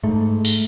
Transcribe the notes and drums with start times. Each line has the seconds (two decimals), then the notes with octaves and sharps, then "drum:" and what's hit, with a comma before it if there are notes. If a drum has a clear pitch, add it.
0.03 G#2 A3
0.45 drum: tambourine